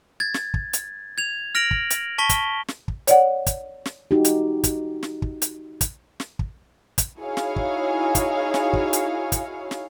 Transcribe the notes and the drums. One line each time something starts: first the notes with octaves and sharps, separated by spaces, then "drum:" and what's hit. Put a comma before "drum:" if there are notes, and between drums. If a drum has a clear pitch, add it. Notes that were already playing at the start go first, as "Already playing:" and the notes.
G#6 A6
drum: snare
drum: kick
drum: hi-hat
G#6 F7
F6 A#6 D7 F7 F#7
drum: kick
drum: hi-hat
A5 C#6 B6 G7
drum: kick, hi-hat
drum: snare
drum: kick
C#5 D5 F#5, drum: hi-hat
drum: kick, hi-hat
drum: snare
D#4 F#4 G4
drum: hi-hat
drum: kick, hi-hat
drum: snare
drum: kick
drum: hi-hat
drum: kick, hi-hat
drum: snare
drum: kick
drum: kick, hi-hat
D#4 E4 F#4 G#4 C#5 F5
drum: snare
drum: kick
drum: kick, hi-hat
drum: snare
drum: kick
drum: hi-hat
drum: kick, hi-hat
drum: snare